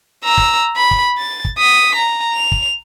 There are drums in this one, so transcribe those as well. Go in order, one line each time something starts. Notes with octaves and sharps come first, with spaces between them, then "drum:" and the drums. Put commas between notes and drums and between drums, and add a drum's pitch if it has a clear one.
A#5 E6
drum: kick
B5
drum: kick
A6
drum: kick
D#6 B6
A#5
F7
drum: kick